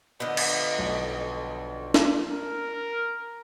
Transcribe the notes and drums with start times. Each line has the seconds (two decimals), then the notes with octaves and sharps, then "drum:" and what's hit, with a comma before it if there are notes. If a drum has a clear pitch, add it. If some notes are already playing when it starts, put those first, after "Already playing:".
0.20 D3 F3 B3 D#5
0.37 drum: cymbal
0.79 B1
1.94 drum: snare
2.29 A#4